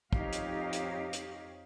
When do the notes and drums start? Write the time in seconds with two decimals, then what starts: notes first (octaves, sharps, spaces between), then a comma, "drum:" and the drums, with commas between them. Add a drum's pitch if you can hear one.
0.13 F2 D#4 G4 C#5 D#5 F5, drum: kick
0.33 drum: hi-hat
0.73 drum: hi-hat
1.13 drum: hi-hat